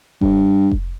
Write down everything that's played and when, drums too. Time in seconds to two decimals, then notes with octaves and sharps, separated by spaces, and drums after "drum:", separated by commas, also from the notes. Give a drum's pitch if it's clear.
0.21 G2, drum: kick F1
0.71 drum: kick F1